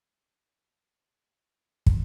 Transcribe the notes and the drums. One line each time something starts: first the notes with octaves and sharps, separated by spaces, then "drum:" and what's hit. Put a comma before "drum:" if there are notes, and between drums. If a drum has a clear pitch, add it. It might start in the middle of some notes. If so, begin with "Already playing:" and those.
D4 E5
F#3 G3 A#3
drum: kick